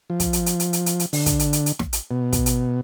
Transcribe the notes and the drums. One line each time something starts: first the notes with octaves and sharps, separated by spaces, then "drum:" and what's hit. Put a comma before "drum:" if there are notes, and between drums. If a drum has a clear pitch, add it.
F3
drum: kick, hi-hat
drum: hi-hat
drum: hi-hat
drum: hi-hat
drum: hi-hat
drum: hi-hat
drum: hi-hat
D3, drum: open hi-hat
drum: kick, hi-hat
drum: hi-hat
drum: hi-hat
drum: hi-hat
drum: snare
drum: hi-hat
B2
drum: kick, hi-hat
drum: hi-hat